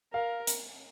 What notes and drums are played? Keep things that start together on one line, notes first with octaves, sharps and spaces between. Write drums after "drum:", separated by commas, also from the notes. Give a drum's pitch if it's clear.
A#4 F5
drum: hi-hat